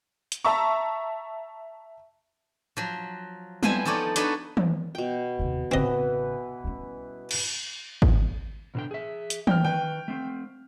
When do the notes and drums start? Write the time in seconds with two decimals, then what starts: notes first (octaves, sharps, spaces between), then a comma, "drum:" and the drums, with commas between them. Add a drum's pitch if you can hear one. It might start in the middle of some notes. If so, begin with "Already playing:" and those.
0.32 drum: hi-hat
0.44 E5 A5 A#5 C#6
2.77 F3 F#3
3.63 F3 B3 C4 E4 G#5, drum: tom F#3
3.85 F3 D#4 A4 C#5 D5
4.16 D4 D#4 F#4 A4 B4 C#5, drum: hi-hat
4.57 drum: tom
4.95 B2 G5
5.39 D#2 C3
5.71 A1 C#3 E3 B3 C4 B4 D#5
6.64 G3 C#4
7.31 drum: cymbal
8.02 drum: kick G#1
8.75 B2 D3 G5
8.91 G#4 E5
9.30 drum: hi-hat
9.47 G5 F6, drum: tom
9.65 D#3 B4 G5
10.08 A3 C4